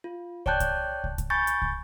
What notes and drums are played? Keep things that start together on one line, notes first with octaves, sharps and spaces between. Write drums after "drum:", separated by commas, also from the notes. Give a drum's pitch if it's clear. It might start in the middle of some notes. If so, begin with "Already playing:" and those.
F4
C#5 D5 G5 A5 F#6 G6, drum: kick
drum: kick, hi-hat
drum: kick
drum: kick, hi-hat
G#5 B5 C#6 G6 A6
drum: hi-hat
drum: kick